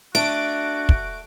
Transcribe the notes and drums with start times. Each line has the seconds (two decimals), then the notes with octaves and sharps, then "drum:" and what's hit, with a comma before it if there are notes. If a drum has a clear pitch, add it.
0.15 A3 D4 F#4 D7
0.89 drum: kick